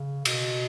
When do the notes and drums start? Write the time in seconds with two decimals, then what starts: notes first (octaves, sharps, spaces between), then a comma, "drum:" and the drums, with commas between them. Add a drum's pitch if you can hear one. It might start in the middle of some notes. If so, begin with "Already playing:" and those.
Already playing: C#3
0.25 B2, drum: cymbal